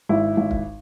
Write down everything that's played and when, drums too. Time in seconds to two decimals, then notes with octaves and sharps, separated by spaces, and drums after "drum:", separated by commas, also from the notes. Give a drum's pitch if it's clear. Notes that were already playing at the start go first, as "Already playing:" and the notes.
0.09 G#1 E4
0.37 G#1
0.51 drum: kick